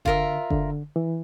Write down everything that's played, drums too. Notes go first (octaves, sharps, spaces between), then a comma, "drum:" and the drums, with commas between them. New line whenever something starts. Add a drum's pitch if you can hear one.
D3 F4 A#4 E5, drum: kick F#1
D3, drum: kick F#1
E3